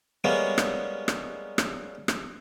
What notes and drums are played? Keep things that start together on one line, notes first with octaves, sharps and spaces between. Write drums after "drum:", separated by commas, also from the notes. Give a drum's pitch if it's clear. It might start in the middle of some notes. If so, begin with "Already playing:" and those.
G3 G#3 A#3 B3 C#4
drum: rim click
drum: rim click
drum: rim click
drum: rim click